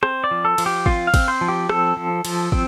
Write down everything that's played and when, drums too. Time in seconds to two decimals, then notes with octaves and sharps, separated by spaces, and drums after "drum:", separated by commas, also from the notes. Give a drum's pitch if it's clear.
0.03 C4 C5, drum: rim click
0.24 D5
0.31 F3
0.45 A4
0.58 F3, drum: cymbal
0.66 G4
0.86 C4 F4, drum: kick
1.07 F5
1.14 C4, drum: kick, cymbal
1.28 C5
1.41 F3
1.48 G4
1.69 C4 A4, drum: rim click
1.97 F3
2.25 F3, drum: cymbal
2.52 C4, drum: kick